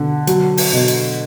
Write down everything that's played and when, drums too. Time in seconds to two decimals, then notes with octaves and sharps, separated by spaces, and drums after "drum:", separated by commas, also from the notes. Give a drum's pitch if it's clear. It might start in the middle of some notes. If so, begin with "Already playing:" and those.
Already playing: B2 D3
0.27 F#3, drum: hi-hat
0.57 drum: open hi-hat
0.73 B2
0.88 drum: hi-hat